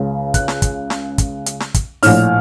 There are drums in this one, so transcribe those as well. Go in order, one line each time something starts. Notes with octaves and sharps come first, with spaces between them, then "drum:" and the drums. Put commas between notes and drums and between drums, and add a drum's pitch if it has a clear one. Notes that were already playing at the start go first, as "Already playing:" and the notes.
Already playing: C#2 C#3
F#6, drum: kick, hi-hat
drum: snare
drum: kick, hi-hat
drum: snare
drum: kick, hi-hat
drum: hi-hat
drum: snare
drum: kick, hi-hat
A#1 A2 F6, drum: open hi-hat